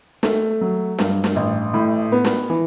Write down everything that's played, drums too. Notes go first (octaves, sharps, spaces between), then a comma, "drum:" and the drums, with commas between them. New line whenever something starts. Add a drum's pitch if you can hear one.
A3, drum: snare
F#3
G2, drum: snare
drum: snare
A1
A2
B3
drum: snare
E3